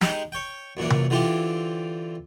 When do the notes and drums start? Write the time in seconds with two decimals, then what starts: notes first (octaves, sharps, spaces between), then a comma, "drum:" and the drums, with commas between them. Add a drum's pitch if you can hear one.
0.01 G#3 D#4 G4 B5, drum: snare
0.32 C#5 G5
0.77 F#2 A#2 E3 D4
0.90 drum: tom C3
1.10 D3 E3 C4 E4 F4 G4